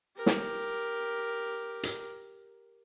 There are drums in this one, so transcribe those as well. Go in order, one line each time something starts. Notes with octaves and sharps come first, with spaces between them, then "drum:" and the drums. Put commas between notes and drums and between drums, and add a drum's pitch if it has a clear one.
G4 A#4
drum: snare
drum: hi-hat